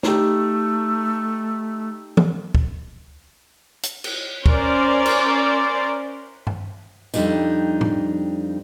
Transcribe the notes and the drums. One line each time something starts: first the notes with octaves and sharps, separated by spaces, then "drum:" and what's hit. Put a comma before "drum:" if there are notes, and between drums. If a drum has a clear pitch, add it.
A3 D#4 G4, drum: snare
drum: tom E3
drum: kick
drum: hi-hat
drum: cymbal
C#4 A#4 C5 D5, drum: kick
drum: cymbal
drum: tom G2
F2 B2 G3 D4 D#4, drum: tambourine
drum: tom A2